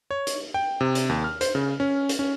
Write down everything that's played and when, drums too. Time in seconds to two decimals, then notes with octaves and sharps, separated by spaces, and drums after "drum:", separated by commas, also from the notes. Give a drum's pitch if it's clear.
0.11 C#5
0.27 drum: hi-hat
0.54 G5
0.81 C3
0.95 drum: hi-hat
1.09 D#2
1.24 F6
1.41 C5, drum: hi-hat
1.55 C#3
1.80 C#4
2.09 drum: hi-hat
2.19 C#4